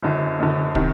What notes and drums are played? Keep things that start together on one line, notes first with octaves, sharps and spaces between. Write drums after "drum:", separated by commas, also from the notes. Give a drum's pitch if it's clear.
F#1 F#2 D3
F#1 F#2 D3
C3 D#3, drum: kick